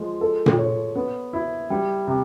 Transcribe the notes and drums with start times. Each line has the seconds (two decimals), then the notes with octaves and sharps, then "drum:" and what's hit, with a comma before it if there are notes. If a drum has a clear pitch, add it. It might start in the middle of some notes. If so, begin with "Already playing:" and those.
Already playing: F3 G#3
0.21 A4
0.46 drum: tom A#2
0.58 C#5
0.95 B3
1.33 E4
1.70 G3
2.08 C3